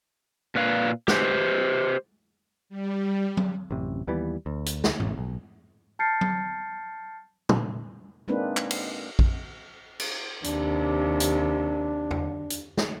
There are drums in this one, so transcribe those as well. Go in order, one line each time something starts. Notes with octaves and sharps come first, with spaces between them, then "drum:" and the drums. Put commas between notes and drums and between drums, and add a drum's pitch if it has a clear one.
A#2 B4 F5
G4 B4 C5, drum: snare
G3
drum: tom F#3
A1 F#2 C3
D#2 E3 G3 B3
D2
drum: hi-hat
drum: snare
E1 A1, drum: tom G#2
B1
A5 F6 G6 A6 C7 C#7
drum: tom F#3
drum: tom
G#3 A#3 C4 D4 D#4 B4
drum: clap
drum: cymbal
drum: kick A#1
drum: cymbal
D#2 C3 D4, drum: hi-hat
drum: hi-hat
drum: tom E2
drum: hi-hat
drum: snare